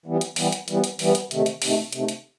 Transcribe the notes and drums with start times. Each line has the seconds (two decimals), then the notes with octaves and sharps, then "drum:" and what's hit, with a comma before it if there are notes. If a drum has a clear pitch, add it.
0.06 E3 G3 B3
0.21 drum: hi-hat
0.36 E3 G3 B3, drum: open hi-hat
0.52 drum: hi-hat
0.68 E3 G3 B3, drum: hi-hat
0.84 drum: hi-hat
0.99 E3 G3 B3, drum: open hi-hat
1.15 drum: hi-hat
1.31 C3 D#3 A3, drum: hi-hat
1.46 drum: hi-hat
1.62 C3 D#3 A3, drum: open hi-hat
1.93 C3 D#3 A3, drum: hi-hat
2.08 drum: hi-hat